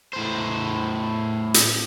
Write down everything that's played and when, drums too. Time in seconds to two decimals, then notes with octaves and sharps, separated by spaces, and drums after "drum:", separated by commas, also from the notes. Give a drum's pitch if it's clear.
0.13 A2 C5
1.54 drum: hi-hat